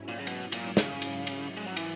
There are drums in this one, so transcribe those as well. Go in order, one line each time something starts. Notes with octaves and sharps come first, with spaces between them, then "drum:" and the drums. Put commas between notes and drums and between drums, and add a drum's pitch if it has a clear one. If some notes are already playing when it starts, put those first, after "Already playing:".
Already playing: G#2 F#3 C#4 E4
A#2
C#3
B2, drum: cymbal
A#2, drum: cymbal
C#3, drum: snare
drum: cymbal
drum: cymbal
G#3
F#3
E3, drum: cymbal